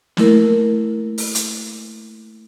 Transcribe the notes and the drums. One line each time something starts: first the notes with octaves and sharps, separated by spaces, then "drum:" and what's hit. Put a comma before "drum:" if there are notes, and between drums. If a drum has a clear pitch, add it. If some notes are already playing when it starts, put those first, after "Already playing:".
A3 A#3 E4 A#4, drum: snare
drum: open hi-hat
drum: hi-hat